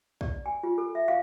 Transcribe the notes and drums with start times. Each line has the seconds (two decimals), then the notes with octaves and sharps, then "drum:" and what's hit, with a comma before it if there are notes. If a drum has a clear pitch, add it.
0.21 D5, drum: kick
0.46 G#5
0.63 F4
0.78 A4
0.95 E5
1.08 F5